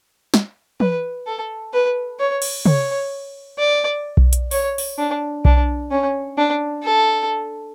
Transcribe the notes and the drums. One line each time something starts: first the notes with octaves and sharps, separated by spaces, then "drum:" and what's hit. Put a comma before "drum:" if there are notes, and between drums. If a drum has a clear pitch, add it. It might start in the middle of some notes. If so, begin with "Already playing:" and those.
drum: snare
B4, drum: tom
A4
B4
C#5
drum: cymbal
C#5, drum: tom
D5
drum: kick B1
drum: hi-hat
C#5, drum: open hi-hat
drum: open hi-hat
D4
D4, drum: kick B1
C#4
D4
A4